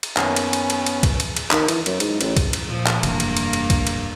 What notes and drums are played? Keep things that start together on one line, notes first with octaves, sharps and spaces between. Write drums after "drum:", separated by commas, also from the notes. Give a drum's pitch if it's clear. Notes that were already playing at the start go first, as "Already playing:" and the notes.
drum: cymbal
F#2 D#3 A#3 B3 C#4 G#5, drum: clap
drum: cymbal
drum: cymbal
drum: cymbal
drum: cymbal
drum: kick C2, cymbal
drum: cymbal
drum: cymbal
D#3, drum: clap
E3, drum: cymbal
F#2, drum: cymbal
G#2, drum: cymbal
A1, drum: cymbal
drum: kick C2, cymbal
drum: cymbal
A#2 F3
drum: clap
F1 G2 C3 E3 A#3, drum: cymbal
drum: cymbal
drum: cymbal
drum: cymbal
drum: kick C2, cymbal
drum: cymbal